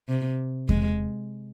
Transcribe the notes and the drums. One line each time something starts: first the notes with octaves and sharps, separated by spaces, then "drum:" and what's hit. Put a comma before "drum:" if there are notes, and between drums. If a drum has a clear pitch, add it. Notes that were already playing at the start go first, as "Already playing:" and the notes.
C3
G#3, drum: kick E2